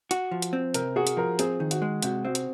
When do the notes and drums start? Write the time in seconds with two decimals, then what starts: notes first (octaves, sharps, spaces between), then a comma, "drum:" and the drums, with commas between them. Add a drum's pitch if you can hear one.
0.11 F#4, drum: hi-hat
0.31 F3
0.42 drum: hi-hat
0.53 C4
0.74 C3 A#4, drum: hi-hat
0.96 F#4 G#4
1.07 drum: hi-hat
1.17 F3 A#4
1.39 C4 G#4, drum: hi-hat
1.60 D#3
1.71 F#4, drum: hi-hat
1.82 G#3
2.02 C3 F#4, drum: hi-hat
2.25 C4 F#4
2.35 drum: hi-hat